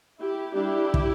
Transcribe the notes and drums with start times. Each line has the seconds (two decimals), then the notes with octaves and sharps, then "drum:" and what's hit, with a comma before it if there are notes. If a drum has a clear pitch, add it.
0.21 E4 G4
0.56 G3 D4 E4 G4
0.94 drum: kick